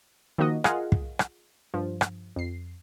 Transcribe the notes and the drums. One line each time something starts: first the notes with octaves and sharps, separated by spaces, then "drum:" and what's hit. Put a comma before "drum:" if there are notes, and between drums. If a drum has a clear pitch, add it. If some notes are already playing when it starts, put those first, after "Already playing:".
D#3 F3 A#3 F#4 D#5
F4 G#4 A#4 D#5 F5 F#5, drum: rim click
drum: kick
drum: rim click
G2 F3
drum: rim click
F2 C7